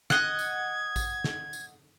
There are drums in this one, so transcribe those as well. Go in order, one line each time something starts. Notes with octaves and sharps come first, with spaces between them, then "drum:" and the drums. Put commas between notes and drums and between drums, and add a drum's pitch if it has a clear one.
D#5 F#5 G#6, drum: snare
drum: tambourine
drum: kick A1, tambourine
drum: snare
drum: tambourine